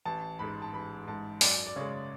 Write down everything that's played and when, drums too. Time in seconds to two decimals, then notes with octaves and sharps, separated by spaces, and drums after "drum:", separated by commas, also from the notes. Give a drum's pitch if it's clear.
0.05 A1 A5
0.39 G#2 G#3 B5
0.62 A5
0.73 A1 B5
1.07 G#2 G#3 A5
1.41 F#2 D5, drum: open hi-hat
1.67 D5
1.76 C#3 G#3 C#5